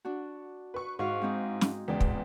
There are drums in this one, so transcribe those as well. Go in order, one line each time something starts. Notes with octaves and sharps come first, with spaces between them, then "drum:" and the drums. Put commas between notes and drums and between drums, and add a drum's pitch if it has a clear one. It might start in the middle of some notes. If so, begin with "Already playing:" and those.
D4 F#4
B4 C#6
G#2 F#4 F5 C#6
G#3 C4 D#4
drum: snare
E2 C#3 G#3 D5 G5 C6
drum: kick